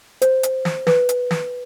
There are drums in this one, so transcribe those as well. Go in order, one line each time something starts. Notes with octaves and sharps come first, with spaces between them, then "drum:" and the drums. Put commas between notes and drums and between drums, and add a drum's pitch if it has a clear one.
C5, drum: hi-hat
drum: hi-hat
drum: snare
B4, drum: snare
drum: hi-hat
drum: snare